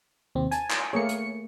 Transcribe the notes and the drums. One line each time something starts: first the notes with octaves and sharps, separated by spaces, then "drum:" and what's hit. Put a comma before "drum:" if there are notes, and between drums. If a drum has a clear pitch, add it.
D#2 C3 C4
G#5 A5, drum: hi-hat
drum: clap
A3 A#3 G#4 C#5 C#7
drum: hi-hat